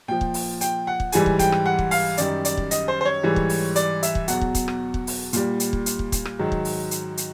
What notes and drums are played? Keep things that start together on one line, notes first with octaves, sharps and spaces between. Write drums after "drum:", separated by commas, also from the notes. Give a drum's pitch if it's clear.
A#2 F3 G5
drum: kick
drum: open hi-hat
G5, drum: hi-hat
F#5
drum: kick
G#2 E3 G3 G#5, drum: hi-hat
drum: kick
G5, drum: kick, hi-hat
drum: rim click
F#5
drum: kick
F5, drum: open hi-hat
F#2 D#3 G3 D5, drum: hi-hat
D5, drum: hi-hat
drum: kick
D#5, drum: hi-hat
C5
C5
C#5
G#2 E3 G3
drum: kick
drum: open hi-hat
D5, drum: hi-hat
E5, drum: hi-hat
drum: kick
E2 B2 F#3 F#5, drum: hi-hat
drum: kick
drum: kick, hi-hat
drum: rim click
drum: kick
drum: open hi-hat
A#2 G3, drum: hi-hat
drum: hi-hat
drum: kick
drum: hi-hat
drum: kick
drum: kick, hi-hat
drum: rim click
G#2 D#3 F#3
drum: kick
drum: open hi-hat
drum: hi-hat
drum: hi-hat